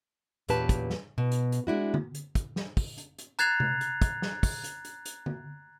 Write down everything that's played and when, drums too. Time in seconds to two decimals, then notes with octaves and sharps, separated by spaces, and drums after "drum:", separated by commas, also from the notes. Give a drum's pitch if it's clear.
0.48 E2 A#2 C#4 G4 B4 A5, drum: hi-hat
0.69 drum: kick, hi-hat
0.90 drum: snare
1.18 B2
1.32 drum: hi-hat
1.52 drum: hi-hat
1.67 G#3 D4 E4 F#4
1.94 drum: tom D3
2.15 drum: hi-hat
2.35 drum: kick, hi-hat
2.56 drum: snare
2.77 drum: kick, open hi-hat
2.98 drum: hi-hat
3.18 drum: hi-hat
3.39 A#5 F#6 G#6 A6 C7 F7, drum: hi-hat
3.60 drum: tom C3
3.81 drum: hi-hat
4.02 drum: kick, hi-hat
4.22 drum: snare
4.43 drum: kick, open hi-hat
4.64 drum: hi-hat
4.85 drum: hi-hat
5.05 drum: hi-hat
5.26 drum: tom D3